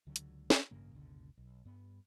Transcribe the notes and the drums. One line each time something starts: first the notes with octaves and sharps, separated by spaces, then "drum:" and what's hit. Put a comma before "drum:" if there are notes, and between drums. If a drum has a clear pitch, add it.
C#2 D3 F#3
drum: hi-hat
drum: snare
A1 G2 C#3 A#3
F#1 C#2 B2 D3
B1
G2 B3